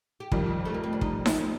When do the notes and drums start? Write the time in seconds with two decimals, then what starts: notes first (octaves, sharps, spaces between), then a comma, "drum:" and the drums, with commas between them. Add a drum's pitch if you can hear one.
0.20 G4
0.32 F2 D#3 G3 F4, drum: kick
0.65 A3
0.74 A#3
0.84 C4
0.93 D4
1.01 D#4, drum: kick
1.26 C4, drum: snare D#4